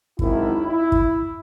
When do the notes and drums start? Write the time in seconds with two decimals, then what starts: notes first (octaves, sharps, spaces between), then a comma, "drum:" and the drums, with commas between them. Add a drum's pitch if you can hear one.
0.19 G#1 F#2 D#3 E4, drum: kick
0.67 E4
0.92 drum: kick